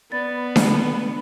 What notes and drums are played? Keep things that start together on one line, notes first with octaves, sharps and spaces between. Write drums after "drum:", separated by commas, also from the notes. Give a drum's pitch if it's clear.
B3 D5 B5 A6
drum: snare D4